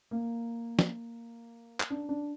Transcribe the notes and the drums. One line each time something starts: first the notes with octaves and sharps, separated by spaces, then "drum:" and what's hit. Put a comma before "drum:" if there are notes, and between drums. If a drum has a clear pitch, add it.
A#3
drum: snare
drum: clap
D4
D4